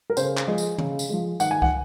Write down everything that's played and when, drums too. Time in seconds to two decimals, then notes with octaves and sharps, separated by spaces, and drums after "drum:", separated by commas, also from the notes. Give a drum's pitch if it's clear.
0.10 A#4
0.17 C#3 C5, drum: tambourine
0.37 drum: clap
0.47 F3 G#3 D#5
0.58 drum: tambourine
0.78 C#3, drum: tom
0.99 drum: tambourine
1.09 F3 G#3
1.40 D#3 F#5, drum: tambourine
1.51 G#5
1.62 F#5, drum: kick